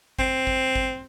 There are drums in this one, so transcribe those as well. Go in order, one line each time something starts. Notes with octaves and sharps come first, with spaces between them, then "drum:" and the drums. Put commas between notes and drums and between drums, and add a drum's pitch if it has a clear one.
C4, drum: kick G#1
drum: kick G#1
drum: kick G#1